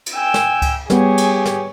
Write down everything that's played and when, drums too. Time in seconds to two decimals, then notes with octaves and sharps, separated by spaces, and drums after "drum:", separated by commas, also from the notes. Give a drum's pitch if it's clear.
0.06 drum: cymbal
0.16 G5 G#5 E6
0.34 drum: snare
0.62 drum: kick C#2, cymbal
0.90 G3 B3 G4 G#4 C#5, drum: snare
1.18 drum: cymbal
1.46 drum: snare